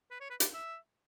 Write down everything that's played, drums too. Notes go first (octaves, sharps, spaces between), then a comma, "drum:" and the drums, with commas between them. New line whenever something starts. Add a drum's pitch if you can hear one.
B4
C#5
B4
D5, drum: hi-hat
E5